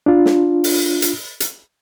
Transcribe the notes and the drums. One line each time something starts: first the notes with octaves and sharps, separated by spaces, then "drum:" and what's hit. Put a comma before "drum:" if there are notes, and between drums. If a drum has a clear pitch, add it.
D4 F4
drum: snare
drum: open hi-hat
drum: hi-hat
drum: hi-hat